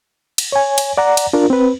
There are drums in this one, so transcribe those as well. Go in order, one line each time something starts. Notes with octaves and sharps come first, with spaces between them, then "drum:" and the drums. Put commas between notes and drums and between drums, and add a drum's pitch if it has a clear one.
drum: cymbal
C#5 G#5
drum: cymbal
D5 F#5 A#5
drum: cymbal
D4 F4 A#4
C4 B4